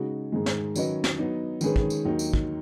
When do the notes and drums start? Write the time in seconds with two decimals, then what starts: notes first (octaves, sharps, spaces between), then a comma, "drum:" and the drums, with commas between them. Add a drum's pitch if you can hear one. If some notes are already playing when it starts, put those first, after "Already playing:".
Already playing: C#3 G#3 D#4 F#4
0.32 G#2 D#3 G#3
0.46 drum: snare
0.76 D#3 F#3 C#4 B4 D#5, drum: tambourine
1.04 drum: snare
1.18 F#3 B3 D#4
1.61 D#3 G#3 C#4 G#4 B4, drum: tambourine
1.76 drum: kick
1.90 drum: tambourine
2.05 D#2 D#3 F#3 D#4
2.19 drum: tambourine
2.34 drum: kick